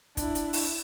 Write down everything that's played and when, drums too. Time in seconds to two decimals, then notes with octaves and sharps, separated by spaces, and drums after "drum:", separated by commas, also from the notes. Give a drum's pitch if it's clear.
0.17 D4 E4, drum: kick, hi-hat
0.35 drum: hi-hat
0.53 drum: open hi-hat